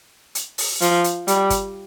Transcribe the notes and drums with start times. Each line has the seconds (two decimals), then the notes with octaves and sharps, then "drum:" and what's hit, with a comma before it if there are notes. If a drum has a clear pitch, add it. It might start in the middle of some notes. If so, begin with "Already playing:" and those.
0.35 drum: hi-hat
0.58 drum: open hi-hat
0.82 F3, drum: hi-hat
1.04 drum: hi-hat
1.28 G3, drum: hi-hat
1.50 drum: kick, hi-hat